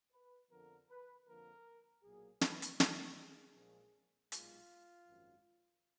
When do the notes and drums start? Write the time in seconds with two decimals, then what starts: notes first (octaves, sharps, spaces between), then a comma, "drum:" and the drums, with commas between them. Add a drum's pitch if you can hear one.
0.13 B4
0.51 F2 D3 F3 B3 A#4
0.90 B4
1.28 F2 D3 F3 A#3 A#4
2.03 B1 A#2 F#3 A#3 G#4
2.41 B4, drum: snare
2.62 drum: hi-hat
2.80 D#2 D3 F#3 A#3 F#4, drum: snare
3.17 G#4
3.55 A#1 A#2 F3 G#3
4.32 B1 A#2 G#3 B3 F4, drum: hi-hat
5.08 G#1 F#2 F3